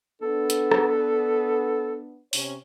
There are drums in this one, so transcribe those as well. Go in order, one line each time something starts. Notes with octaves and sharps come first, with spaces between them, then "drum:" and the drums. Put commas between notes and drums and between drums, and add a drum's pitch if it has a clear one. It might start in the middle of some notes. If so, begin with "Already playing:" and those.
B3 D4 A4
drum: hi-hat
drum: rim click
C3 C#4 C#5, drum: open hi-hat